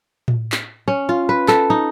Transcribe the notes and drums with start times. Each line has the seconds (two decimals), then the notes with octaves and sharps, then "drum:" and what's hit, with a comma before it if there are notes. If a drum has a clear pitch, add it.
0.28 drum: tom A2
0.52 drum: clap
0.88 C#4
1.09 F4
1.29 B4
1.48 A4, drum: clap
1.70 D#4